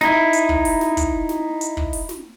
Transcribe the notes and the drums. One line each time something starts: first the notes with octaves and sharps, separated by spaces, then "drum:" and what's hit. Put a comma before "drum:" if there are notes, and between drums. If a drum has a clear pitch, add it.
D#4 E4, drum: snare
drum: hi-hat
drum: kick
drum: open hi-hat
drum: snare
drum: kick, hi-hat
drum: snare
drum: hi-hat
drum: kick
drum: open hi-hat
drum: snare